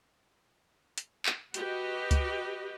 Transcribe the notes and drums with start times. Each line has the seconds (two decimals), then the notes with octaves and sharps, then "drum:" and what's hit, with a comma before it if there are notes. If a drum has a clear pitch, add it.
0.98 drum: hi-hat
1.26 drum: clap
1.54 F#4 G4 B4 D#5, drum: hi-hat
2.11 drum: kick C#2, hi-hat